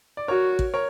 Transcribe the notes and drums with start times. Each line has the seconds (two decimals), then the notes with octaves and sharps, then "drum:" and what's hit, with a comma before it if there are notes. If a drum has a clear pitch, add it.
0.17 D5
0.28 F#4 A#4 C#5
0.59 drum: kick A1
0.74 A#4 C#5